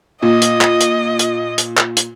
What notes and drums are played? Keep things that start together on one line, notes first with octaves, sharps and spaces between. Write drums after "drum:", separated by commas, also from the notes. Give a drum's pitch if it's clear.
A#2 D#5
drum: hi-hat
drum: clap
drum: hi-hat
drum: hi-hat
drum: hi-hat
drum: clap
drum: hi-hat